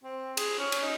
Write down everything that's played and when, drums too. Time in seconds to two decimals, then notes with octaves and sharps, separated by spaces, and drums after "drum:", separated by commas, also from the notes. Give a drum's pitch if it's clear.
0.04 C4
0.37 G#4, drum: cymbal
0.59 C#4
0.72 drum: cymbal
0.83 D#4